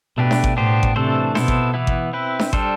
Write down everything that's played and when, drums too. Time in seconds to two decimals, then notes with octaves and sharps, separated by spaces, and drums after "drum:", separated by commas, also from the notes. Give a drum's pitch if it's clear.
0.17 B2 A3 D4 G4 B4
0.31 drum: snare D4
0.44 drum: kick G#1
0.57 A2 B3 D4 G4 C5
0.83 drum: kick G#1
0.96 C3 E3 A3 D4 A4 C5
1.35 B2 B3 E4 A4 C5, drum: snare D4
1.48 drum: kick G#1
1.74 E3 B3 E4
1.87 drum: kick G#1
2.13 C4 E4 B4
2.39 drum: snare D4
2.53 G3 D4 A4 C5, drum: kick G#1